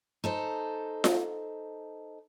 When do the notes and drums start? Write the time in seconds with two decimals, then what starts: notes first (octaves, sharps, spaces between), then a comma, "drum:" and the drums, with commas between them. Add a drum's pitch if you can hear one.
0.24 D#4 A4 C5
1.04 drum: snare F4